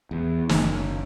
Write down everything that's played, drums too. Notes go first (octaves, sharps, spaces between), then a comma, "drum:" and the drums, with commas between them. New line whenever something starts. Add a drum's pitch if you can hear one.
E2
F#1, drum: snare